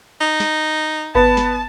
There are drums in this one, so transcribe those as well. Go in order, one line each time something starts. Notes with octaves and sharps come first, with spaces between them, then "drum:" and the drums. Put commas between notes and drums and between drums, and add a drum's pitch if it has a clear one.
D#4
drum: snare
B3 A5, drum: kick G#1
drum: snare